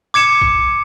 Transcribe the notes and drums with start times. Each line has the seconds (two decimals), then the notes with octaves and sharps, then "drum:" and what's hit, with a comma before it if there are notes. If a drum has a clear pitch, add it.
0.14 D6 G#6 C#7 E7
0.42 drum: kick